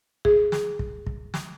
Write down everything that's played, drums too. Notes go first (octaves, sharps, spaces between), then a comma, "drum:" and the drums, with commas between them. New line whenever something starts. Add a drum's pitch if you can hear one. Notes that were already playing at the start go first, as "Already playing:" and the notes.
G#4, drum: kick
drum: snare
drum: kick
drum: kick
drum: snare